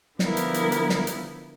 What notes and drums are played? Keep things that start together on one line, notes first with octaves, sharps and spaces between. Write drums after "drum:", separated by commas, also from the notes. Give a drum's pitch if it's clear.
D3 F3 G3 B3 E4 A#4, drum: snare
drum: hi-hat
drum: hi-hat
drum: hi-hat
drum: snare
drum: hi-hat